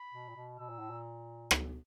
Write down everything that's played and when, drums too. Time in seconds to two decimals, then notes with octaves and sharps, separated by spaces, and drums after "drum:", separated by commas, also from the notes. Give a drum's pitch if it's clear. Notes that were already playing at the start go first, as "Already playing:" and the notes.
Already playing: B5
0.14 B2
0.28 A#2
0.36 B2
0.59 B2 E6
0.69 A#2
0.79 A2
0.90 A#2
1.51 drum: rim click